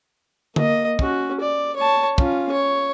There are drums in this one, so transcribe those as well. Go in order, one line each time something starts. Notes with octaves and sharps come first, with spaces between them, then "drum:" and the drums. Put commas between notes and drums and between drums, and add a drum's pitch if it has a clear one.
A#3 D#5, drum: tom D3
C#4 F#4, drum: kick
D5
C#5 A5
C#4 F4, drum: kick
C#5